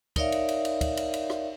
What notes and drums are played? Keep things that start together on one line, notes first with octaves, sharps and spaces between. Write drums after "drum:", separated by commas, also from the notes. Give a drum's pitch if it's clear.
D#4 A#4 C#5 D5 E5 F5, drum: kick, cymbal
drum: cymbal
drum: cymbal
drum: cymbal
drum: kick, cymbal
drum: cymbal
drum: cymbal
drum: rim click